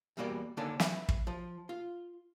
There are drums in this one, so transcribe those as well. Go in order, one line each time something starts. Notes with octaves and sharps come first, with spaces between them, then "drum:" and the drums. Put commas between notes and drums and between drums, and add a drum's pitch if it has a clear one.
E2 G3 A#3 F#4 D5
D3 D#3 A#3 C#4 D4 A4
B4 E5, drum: snare
drum: kick
F3
F4